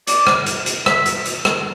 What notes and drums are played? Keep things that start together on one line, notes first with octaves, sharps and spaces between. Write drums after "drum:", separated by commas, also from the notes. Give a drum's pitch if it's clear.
D5, drum: hi-hat
drum: rim click
drum: hi-hat
drum: hi-hat
E5, drum: rim click
drum: hi-hat
drum: hi-hat
drum: rim click